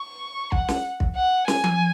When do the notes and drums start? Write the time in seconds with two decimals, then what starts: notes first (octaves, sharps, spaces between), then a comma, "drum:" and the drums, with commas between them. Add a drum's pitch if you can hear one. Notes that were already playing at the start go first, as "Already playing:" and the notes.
Already playing: C#6
0.52 F#5, drum: kick
0.68 drum: snare
1.00 drum: kick
1.16 F#5
1.48 G#5, drum: snare
1.64 drum: tom F3